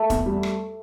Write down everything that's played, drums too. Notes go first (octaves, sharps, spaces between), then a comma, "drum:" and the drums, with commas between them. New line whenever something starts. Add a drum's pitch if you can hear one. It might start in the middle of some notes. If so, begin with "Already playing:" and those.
Already playing: A3
E2, drum: kick E1, hi-hat
G3
drum: rim click